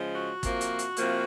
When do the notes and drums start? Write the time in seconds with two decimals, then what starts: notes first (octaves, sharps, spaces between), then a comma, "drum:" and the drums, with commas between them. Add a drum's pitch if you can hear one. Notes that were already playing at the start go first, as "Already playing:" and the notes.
Already playing: C#3 F3 G#3
0.16 F#4
0.43 C3 F3 A#3, drum: kick, hi-hat
0.61 drum: hi-hat
0.79 drum: hi-hat
0.97 C3 F3 A#3, drum: hi-hat